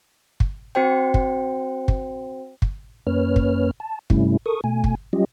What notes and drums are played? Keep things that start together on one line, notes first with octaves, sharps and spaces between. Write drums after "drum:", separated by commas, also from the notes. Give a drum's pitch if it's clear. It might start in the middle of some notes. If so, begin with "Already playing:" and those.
drum: kick
C4 F#4 C5 G5
drum: kick
drum: kick
drum: kick
F#2 A#3 C#4 B4 C#5 F6
drum: kick
A5
G2 C3 G3 A3 C#4 E4, drum: kick
A4 A#4 C#6 D#6
B2 A3 G#5
drum: kick
F#3 G3 C#4 F4 G4 D#5